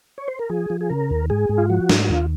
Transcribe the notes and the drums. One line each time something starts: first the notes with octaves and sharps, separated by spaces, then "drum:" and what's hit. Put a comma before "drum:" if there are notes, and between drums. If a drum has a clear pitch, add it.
C#5
C5
A#4
F3 G#4
F3
G#4
C#3 A#4
D#2
G#2 G#4
G#2
F4
F3 F#4
G#2, drum: snare
F#4
D#2 F4